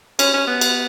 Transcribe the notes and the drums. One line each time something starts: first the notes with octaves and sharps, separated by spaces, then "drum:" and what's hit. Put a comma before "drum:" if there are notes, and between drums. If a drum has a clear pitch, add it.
C#4, drum: cymbal
C#4
B3
drum: cymbal